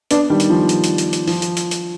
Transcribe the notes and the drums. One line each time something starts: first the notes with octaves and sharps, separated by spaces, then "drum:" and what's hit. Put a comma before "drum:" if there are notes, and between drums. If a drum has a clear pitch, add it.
B3 D4, drum: hi-hat
D#3 G3
drum: hi-hat
F3
drum: hi-hat
drum: hi-hat
drum: hi-hat
drum: hi-hat
F3, drum: open hi-hat
drum: hi-hat
drum: hi-hat
drum: hi-hat